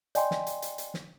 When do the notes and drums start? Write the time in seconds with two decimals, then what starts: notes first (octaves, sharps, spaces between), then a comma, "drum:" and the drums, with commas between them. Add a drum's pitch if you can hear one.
0.15 D5 D#5 G5 G#5 B5 C6, drum: hi-hat
0.31 drum: snare
0.47 drum: hi-hat
0.62 drum: hi-hat
0.78 drum: hi-hat
0.94 drum: snare